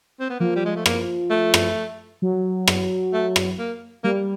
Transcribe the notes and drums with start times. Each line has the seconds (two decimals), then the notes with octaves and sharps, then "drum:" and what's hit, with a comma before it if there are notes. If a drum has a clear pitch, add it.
0.20 C4
0.30 B3
0.40 F3 A#3
0.56 G3
0.65 G#3
0.76 A3
0.86 A#3, drum: rim click
1.30 A3
1.54 drum: rim click
2.22 F#3
2.68 drum: rim click
3.13 A3
3.36 drum: rim click
3.58 A#3
4.04 G3 A#3